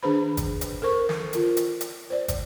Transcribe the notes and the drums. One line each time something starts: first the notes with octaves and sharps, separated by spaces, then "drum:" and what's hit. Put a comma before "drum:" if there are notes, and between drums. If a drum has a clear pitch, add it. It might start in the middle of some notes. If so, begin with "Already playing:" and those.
D#3 D4 G#4 B4 C5 B5
drum: kick, hi-hat
drum: hi-hat
A4 A#4 C5 C#6
drum: snare
F4 A#4, drum: hi-hat
drum: hi-hat
drum: hi-hat
C5 D5
drum: kick, hi-hat